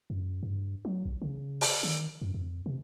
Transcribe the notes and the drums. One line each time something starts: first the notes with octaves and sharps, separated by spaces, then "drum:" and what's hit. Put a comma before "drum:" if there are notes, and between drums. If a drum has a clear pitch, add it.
F#2
G2
F#3
B1
C#3
drum: open hi-hat
D#3
F#2
F2
C3